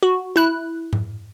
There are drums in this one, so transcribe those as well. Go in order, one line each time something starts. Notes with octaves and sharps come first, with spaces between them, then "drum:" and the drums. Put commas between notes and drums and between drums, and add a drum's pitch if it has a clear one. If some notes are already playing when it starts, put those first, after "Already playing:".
F#4
E4 F#6
drum: tom G#2